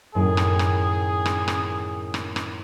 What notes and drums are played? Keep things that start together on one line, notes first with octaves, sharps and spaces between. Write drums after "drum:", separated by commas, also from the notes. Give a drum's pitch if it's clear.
F#2 A2 D#3 G#4
drum: rim click
drum: rim click
drum: rim click
drum: rim click
drum: rim click
drum: rim click